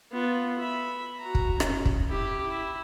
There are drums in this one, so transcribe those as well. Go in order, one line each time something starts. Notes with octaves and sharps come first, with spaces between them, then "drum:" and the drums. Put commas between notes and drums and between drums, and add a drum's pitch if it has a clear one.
B3 F4
E5 B5
F#4 A#5
drum: kick
C#4, drum: rim click
drum: kick
E4 G4
E4